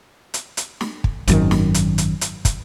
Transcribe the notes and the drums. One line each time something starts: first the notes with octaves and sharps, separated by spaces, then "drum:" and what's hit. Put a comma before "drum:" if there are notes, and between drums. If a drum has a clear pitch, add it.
drum: hi-hat
drum: hi-hat
drum: snare
drum: kick
G#1 F#2 D#3, drum: hi-hat
drum: snare
drum: hi-hat
drum: hi-hat
drum: hi-hat
drum: kick, hi-hat